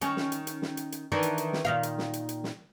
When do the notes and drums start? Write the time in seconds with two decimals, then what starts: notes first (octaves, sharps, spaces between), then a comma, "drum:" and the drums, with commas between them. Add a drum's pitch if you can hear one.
0.01 D#3 C#4, drum: hi-hat
0.17 drum: snare
0.32 drum: hi-hat
0.47 drum: hi-hat
0.62 drum: snare
0.77 drum: hi-hat
0.92 drum: hi-hat
1.12 D#3 E3 D4
1.23 drum: hi-hat
1.38 drum: hi-hat
1.53 drum: snare
1.65 A#2 D#3 F5
1.83 drum: hi-hat
1.98 drum: snare
2.13 drum: hi-hat
2.29 drum: hi-hat
2.44 drum: snare